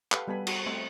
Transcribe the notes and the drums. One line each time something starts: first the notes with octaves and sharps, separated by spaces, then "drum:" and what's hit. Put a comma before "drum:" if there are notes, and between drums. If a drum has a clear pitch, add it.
G4 A4 B4 F5 F#5, drum: clap
G3 B3 A4 G#5 B5
F#4, drum: cymbal
A3 C4 D#5 E5